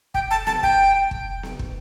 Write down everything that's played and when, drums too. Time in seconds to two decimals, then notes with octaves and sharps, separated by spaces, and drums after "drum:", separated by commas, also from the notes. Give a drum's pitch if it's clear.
0.14 G5, drum: kick
0.31 A5
0.47 A5, drum: snare B3
0.63 G5, drum: kick
1.11 drum: kick
1.43 drum: snare B3
1.59 drum: kick